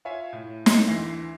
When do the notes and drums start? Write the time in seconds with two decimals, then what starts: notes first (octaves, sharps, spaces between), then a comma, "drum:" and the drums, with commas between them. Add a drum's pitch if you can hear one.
0.05 F4 C#5 E5 F5 G#5
0.33 A2
0.66 drum: snare
0.87 D2 D3 E3 C6 A#6 C7